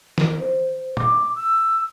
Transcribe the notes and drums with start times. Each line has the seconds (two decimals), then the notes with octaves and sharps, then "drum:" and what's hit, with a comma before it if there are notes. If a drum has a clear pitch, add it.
0.18 A#4, drum: snare
0.40 C5
0.97 D6, drum: tom
1.36 E6